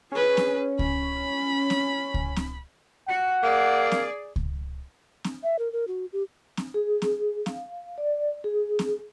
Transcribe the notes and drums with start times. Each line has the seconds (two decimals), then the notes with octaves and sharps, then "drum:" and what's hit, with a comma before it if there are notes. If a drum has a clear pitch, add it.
0.12 C#4 G#4 B4
0.37 drum: snare
0.79 B5, drum: kick C#2
1.70 drum: snare
2.14 drum: kick C#2
2.36 drum: snare
3.08 F#4 F#5
3.43 A#3 G#4 D5
3.92 drum: snare
4.36 drum: kick C#2
5.24 drum: snare
5.43 E5
5.59 A#4
5.72 A#4
5.88 F#4
6.13 G4
6.57 drum: snare
6.74 G#4
7.02 drum: snare
7.46 F5, drum: snare
7.98 D5
8.44 G#4
8.79 drum: snare